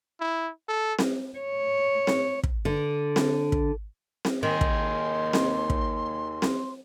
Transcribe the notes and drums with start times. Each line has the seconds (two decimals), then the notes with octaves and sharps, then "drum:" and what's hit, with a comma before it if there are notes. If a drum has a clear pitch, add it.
0.21 E4
0.69 A4
0.99 drum: snare C4
1.38 C#5
2.07 drum: snare C4
2.43 drum: kick
2.65 D3
3.16 drum: snare C4
3.52 drum: kick
4.25 drum: snare C4
4.43 D#2 D#3 G#4 C6
4.61 drum: kick
5.33 drum: snare C4
5.70 drum: kick
6.42 drum: snare C4